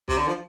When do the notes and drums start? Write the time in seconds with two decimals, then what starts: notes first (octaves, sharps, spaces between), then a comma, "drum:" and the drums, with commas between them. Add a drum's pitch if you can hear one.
0.08 C3, drum: kick
0.18 D3
0.28 F3